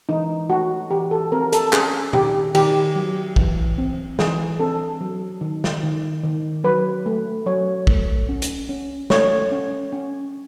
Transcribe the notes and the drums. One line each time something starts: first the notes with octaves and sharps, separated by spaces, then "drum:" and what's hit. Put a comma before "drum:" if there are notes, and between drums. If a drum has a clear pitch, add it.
E3 D#4
A3 F#4
E3 G4
A4
C4 A#4
A4, drum: hi-hat
C#4 G#4, drum: clap
D#3 G4, drum: tom
D#3 G4, drum: cymbal
F#3
E3, drum: kick
C4
E3 G#4, drum: snare
C4 A4
F#3
D#3
drum: snare
D#3
D#3
F#3 B4
A3
F#3 C#5
A3, drum: kick
C#4
drum: hi-hat
C#4
A3 C#5, drum: snare
C#4
C#4